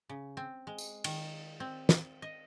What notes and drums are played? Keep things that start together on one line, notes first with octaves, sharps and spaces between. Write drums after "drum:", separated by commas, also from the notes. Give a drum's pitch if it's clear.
C#3
C4
G#3
drum: tambourine
D#3, drum: cymbal
C4
drum: snare
D#5